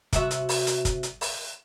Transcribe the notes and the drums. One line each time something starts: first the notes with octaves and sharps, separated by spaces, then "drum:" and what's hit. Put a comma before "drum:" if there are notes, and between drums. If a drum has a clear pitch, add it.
C3 F#4 E5, drum: kick, hi-hat
drum: hi-hat
drum: open hi-hat
drum: hi-hat
drum: kick, hi-hat
drum: hi-hat
drum: open hi-hat